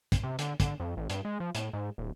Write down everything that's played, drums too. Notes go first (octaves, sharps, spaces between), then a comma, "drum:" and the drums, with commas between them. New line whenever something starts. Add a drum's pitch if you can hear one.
drum: kick, hi-hat
C3
D3, drum: hi-hat
D3, drum: kick, hi-hat
F2
A1
G2, drum: hi-hat
G#3
F3
A2, drum: hi-hat
G#2
D#1